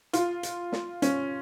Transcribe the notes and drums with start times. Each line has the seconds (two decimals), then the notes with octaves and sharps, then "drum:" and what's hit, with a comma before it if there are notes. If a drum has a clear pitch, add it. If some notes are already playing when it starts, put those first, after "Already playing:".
0.13 F4, drum: hi-hat
0.43 drum: hi-hat
0.72 drum: snare
1.02 C#4, drum: hi-hat